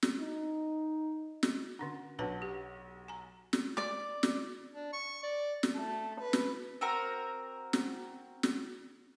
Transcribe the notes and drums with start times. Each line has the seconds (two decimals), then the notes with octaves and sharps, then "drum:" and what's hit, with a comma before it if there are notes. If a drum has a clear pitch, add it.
0.03 drum: snare
0.20 D#4
1.43 drum: snare
1.79 D3 C#4 D4 F#4
2.19 B1 D4 F#4 B4 A5
2.42 G4
3.08 G#5 A#5
3.53 drum: snare
3.77 D5 D6
4.23 drum: snare
4.74 D4
4.93 C#6
5.23 D5
5.63 drum: snare
5.76 A3
6.21 B4
6.33 drum: snare
6.81 C4 F#4 A#4
7.73 drum: snare
8.43 drum: snare